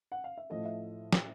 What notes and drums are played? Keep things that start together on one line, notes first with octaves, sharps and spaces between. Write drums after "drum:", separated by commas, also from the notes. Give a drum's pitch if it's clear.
F#5
F5
E5
A2 F3 A3 D#5
E5
drum: snare